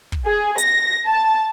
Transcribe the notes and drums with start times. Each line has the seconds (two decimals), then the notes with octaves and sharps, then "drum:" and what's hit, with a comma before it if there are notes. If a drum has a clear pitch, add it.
0.12 drum: kick
0.25 G#4
0.58 A#6, drum: hi-hat
1.07 A5